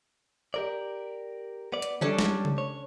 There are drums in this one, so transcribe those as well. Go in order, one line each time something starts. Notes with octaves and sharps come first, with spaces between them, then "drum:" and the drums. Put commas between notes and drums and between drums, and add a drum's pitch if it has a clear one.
G4 A#4 D5
B3 D5
drum: hi-hat
G3 C#4 D4 A4
drum: snare
drum: tom C#3
C#5